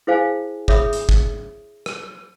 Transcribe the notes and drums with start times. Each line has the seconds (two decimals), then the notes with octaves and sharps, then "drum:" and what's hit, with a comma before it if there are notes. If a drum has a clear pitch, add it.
0.07 E4 G#4 C5 F5 G#5 A5
0.68 G#4 C#5 E5 B5 D#6, drum: kick
0.93 drum: hi-hat
1.09 drum: kick
1.86 drum: rim click